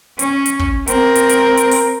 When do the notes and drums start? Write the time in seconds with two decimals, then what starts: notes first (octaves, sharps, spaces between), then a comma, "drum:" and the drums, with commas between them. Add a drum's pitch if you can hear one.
0.19 C#4, drum: hi-hat
0.46 drum: hi-hat
0.60 drum: kick
0.87 C4 A#4, drum: hi-hat
1.15 drum: hi-hat
1.29 drum: hi-hat
1.57 drum: hi-hat
1.71 drum: open hi-hat